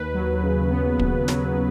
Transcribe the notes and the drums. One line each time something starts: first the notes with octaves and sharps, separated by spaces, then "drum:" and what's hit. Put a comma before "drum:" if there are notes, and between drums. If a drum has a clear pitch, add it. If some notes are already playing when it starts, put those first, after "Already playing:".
Already playing: D#2 B4
F#3
C#3
B3
D#2, drum: kick
F#3, drum: snare